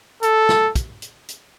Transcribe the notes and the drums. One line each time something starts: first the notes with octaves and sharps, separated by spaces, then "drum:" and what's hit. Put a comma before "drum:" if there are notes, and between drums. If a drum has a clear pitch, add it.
A4, drum: hi-hat
drum: snare
drum: kick, hi-hat
drum: hi-hat
drum: hi-hat